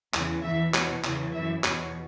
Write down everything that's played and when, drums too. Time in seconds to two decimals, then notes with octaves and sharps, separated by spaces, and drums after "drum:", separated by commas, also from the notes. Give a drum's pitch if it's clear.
0.14 E2 C#3 E3, drum: clap
0.44 E2 E3 E5
0.74 E2 B2 C#5, drum: clap
1.04 E2 C#3 E3, drum: clap
1.34 F#2 E3 E5
1.64 E2 B2 C#5, drum: clap